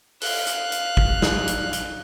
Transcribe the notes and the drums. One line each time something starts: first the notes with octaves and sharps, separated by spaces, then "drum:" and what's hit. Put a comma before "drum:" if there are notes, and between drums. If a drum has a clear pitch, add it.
F5 F#6, drum: open hi-hat
drum: hi-hat
drum: hi-hat
drum: kick
drum: snare
drum: hi-hat
drum: hi-hat